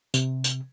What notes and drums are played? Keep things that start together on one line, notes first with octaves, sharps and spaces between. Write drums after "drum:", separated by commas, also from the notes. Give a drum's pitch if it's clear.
C3, drum: tambourine
drum: tambourine